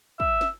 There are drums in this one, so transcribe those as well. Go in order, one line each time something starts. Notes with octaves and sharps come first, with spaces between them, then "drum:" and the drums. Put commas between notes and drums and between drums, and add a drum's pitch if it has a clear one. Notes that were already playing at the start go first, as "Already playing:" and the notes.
E5, drum: kick
drum: snare